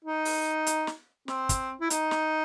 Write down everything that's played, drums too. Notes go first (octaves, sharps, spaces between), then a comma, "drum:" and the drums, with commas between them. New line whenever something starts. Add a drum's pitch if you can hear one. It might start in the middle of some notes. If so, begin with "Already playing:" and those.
D#4
drum: open hi-hat
drum: hi-hat
drum: snare
C4, drum: snare
drum: kick, hi-hat
E4
D#4, drum: hi-hat
drum: snare